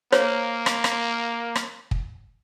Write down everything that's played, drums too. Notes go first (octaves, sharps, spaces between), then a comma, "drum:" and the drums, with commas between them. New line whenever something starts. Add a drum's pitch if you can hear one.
A#3 C5 C#5, drum: rim click
drum: rim click
drum: rim click
drum: rim click
drum: kick